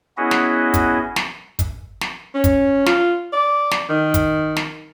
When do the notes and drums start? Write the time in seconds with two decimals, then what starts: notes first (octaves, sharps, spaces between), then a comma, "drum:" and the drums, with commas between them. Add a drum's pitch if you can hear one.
0.17 B3 C#4 E4 F#4 G#4 D#5
0.31 drum: snare
0.74 drum: kick, hi-hat
1.16 drum: snare
1.59 drum: kick, hi-hat
2.01 drum: snare
2.35 C#4
2.44 drum: kick, hi-hat
2.86 F4, drum: snare
3.33 D5
3.71 drum: snare
3.89 D#3
4.14 drum: kick, hi-hat
4.56 drum: snare